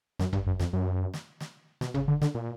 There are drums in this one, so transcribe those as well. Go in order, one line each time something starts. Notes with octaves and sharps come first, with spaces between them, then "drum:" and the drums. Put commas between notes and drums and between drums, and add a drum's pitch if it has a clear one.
F#2, drum: snare
G2, drum: tom G1
F#2
F2, drum: snare
F#2
drum: snare
drum: snare
B2, drum: snare
C#3, drum: tom G1
D3
D3, drum: snare
A#2